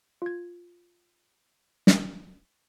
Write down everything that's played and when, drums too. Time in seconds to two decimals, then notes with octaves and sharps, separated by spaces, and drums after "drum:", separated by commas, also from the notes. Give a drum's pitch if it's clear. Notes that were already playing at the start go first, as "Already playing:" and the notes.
0.22 F4 G#6
1.87 drum: snare